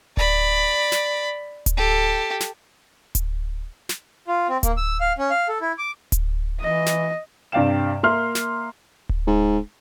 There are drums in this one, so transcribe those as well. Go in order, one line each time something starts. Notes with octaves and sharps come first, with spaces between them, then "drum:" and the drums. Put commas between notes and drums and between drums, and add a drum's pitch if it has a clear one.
D5 B5, drum: kick D1
drum: snare
drum: kick D1, hi-hat
G4 A4
drum: snare
drum: kick D1, hi-hat
drum: snare
F4
C4
A#3, drum: kick D1, hi-hat
E6
F5
C#4
F5
A4
E4
D6
drum: kick D1, hi-hat
E3 D#5
drum: snare
G2 C3 D5 F5 G5 E7
A#3 E5 C6 F6
drum: snare
drum: kick D1
G#2